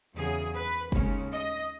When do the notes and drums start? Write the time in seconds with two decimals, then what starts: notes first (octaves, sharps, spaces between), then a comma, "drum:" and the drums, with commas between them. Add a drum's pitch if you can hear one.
0.15 E2 C#3 F#3 G#4
0.55 B4
0.92 D#2 C#3 G#3 C#4, drum: kick
1.32 D#5